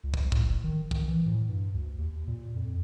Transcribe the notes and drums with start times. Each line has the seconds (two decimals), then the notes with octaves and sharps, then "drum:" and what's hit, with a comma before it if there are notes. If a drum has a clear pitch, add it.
0.04 C#2
0.14 drum: kick
0.32 A2, drum: kick
0.44 F#1
0.64 D#3
0.91 D#3, drum: kick
1.08 E3
1.26 A2
1.49 G2
1.74 D2
1.98 D#2
2.27 A#2
2.56 F2